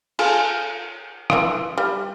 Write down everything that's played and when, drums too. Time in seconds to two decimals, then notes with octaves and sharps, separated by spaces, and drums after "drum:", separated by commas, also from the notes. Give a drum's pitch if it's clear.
0.19 F4 G#4 A4, drum: cymbal
1.30 E3 F4, drum: rim click
1.78 G3